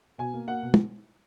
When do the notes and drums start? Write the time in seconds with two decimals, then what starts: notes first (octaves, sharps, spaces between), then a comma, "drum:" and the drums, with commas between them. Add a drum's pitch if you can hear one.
0.18 B2 G#5
0.34 A#3
0.47 A#3 F#5
0.62 B2
0.74 drum: tom